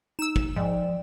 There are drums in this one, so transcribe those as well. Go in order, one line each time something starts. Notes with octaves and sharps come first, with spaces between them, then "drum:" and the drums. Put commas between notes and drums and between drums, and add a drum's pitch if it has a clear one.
D#4 E6 E7
drum: kick
G#2 F3 D5 G5